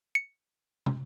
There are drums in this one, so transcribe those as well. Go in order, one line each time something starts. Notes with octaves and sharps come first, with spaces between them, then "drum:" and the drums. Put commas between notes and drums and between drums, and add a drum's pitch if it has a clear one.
C#7
drum: tom